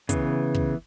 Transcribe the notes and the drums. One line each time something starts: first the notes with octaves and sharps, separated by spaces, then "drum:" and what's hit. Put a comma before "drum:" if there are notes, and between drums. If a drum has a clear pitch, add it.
C#3 E3 B3, drum: kick, hi-hat
drum: kick